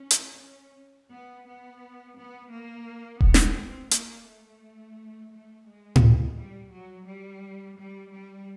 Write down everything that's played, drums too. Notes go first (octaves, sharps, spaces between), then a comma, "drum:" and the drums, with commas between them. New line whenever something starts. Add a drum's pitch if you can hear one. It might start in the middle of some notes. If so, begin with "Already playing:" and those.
Already playing: C#4
drum: hi-hat
C#4
B3
B3
B3
A#3
B3, drum: kick D#1
drum: snare
C4
A#3, drum: hi-hat
A3
A3
G#3
drum: tom A2
G3
F#3
G3
G3
G3